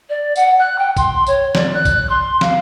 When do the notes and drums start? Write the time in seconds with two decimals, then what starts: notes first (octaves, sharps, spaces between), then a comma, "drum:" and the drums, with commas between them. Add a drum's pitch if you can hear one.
0.09 D5
0.36 F#5, drum: tambourine
0.59 F#6
0.78 G5
0.97 C6, drum: kick A#1, tambourine
1.27 C#5, drum: tambourine
1.55 D5, drum: snare
1.73 F#6
1.85 drum: kick A#1, tambourine
2.09 C6
2.41 F5, drum: snare